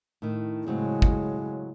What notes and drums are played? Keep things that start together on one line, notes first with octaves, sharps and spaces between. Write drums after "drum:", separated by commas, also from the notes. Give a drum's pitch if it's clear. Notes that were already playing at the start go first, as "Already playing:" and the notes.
A2 D#3
A2 C#3 F#3 G#3 C4
drum: kick